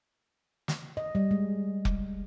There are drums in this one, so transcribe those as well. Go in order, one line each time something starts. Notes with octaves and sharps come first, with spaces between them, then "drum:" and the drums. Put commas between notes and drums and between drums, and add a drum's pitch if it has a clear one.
drum: snare
D#5
G3
G#3
drum: kick F1